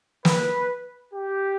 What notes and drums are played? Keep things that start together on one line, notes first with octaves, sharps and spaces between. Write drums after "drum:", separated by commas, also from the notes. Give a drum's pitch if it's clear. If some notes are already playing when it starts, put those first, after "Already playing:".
B4, drum: snare
G4